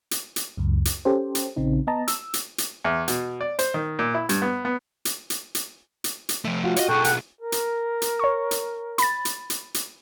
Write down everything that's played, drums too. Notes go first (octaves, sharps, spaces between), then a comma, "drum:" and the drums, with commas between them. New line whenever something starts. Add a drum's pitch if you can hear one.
drum: hi-hat
drum: hi-hat
C#2 F#2
drum: hi-hat
C#4 G4 A4 C5
drum: hi-hat
A#1 C#3 C4 D#4
B3 D#5 A5 A#5
E6, drum: hi-hat
drum: hi-hat
drum: hi-hat
E2
B2, drum: hi-hat
D5
C5, drum: hi-hat
D#3
A#2
E4
G2, drum: hi-hat
B3
B3
drum: hi-hat
drum: hi-hat
drum: hi-hat
drum: hi-hat
drum: hi-hat
F3 A3
F4 F#4
C#5 D#5, drum: hi-hat
B1 F#4 G#4 A4 G5
F#5, drum: hi-hat
A#4
drum: hi-hat
drum: hi-hat
C#5 C#6
drum: hi-hat
B5 A6, drum: hi-hat
drum: hi-hat
drum: hi-hat
drum: hi-hat